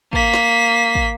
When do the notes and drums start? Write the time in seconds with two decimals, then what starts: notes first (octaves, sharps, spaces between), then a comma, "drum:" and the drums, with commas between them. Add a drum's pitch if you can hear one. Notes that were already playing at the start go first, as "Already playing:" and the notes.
0.13 A#3 B6, drum: kick
0.34 drum: snare
0.95 drum: kick